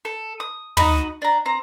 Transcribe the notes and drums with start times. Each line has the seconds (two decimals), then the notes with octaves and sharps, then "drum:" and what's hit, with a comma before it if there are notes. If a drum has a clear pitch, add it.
0.05 A4
0.40 D#6
0.77 D#4 F#4 D#5 B5, drum: tom
1.22 D4 A#5
1.46 C4 A#5